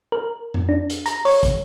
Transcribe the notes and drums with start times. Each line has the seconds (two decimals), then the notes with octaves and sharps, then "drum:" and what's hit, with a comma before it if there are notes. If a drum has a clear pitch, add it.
0.12 A#4
0.54 drum: tom F2
0.69 D4
0.90 drum: hi-hat
1.06 A#5, drum: hi-hat
1.25 C#5, drum: open hi-hat
1.43 drum: kick, hi-hat